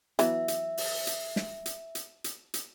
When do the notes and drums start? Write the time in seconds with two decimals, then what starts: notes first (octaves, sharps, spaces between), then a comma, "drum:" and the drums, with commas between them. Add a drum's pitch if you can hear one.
0.19 E3 F#3 B3 E5, drum: hi-hat
0.48 drum: hi-hat
0.78 drum: open hi-hat
1.07 drum: hi-hat
1.36 drum: snare
1.66 drum: hi-hat
1.95 drum: hi-hat
2.24 drum: hi-hat
2.54 drum: hi-hat